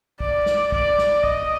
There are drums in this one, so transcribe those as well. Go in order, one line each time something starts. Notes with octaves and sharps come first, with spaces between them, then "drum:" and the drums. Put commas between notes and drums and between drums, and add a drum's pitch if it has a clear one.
D5, drum: kick
drum: snare
D5, drum: kick
drum: snare
D#5, drum: kick